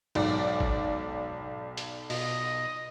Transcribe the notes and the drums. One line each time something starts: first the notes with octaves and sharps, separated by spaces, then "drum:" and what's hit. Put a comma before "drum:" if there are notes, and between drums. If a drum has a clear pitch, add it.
B1 G#2 F#3 D5, drum: cymbal
drum: kick G1
drum: hi-hat
B2 F4 D#5, drum: open hi-hat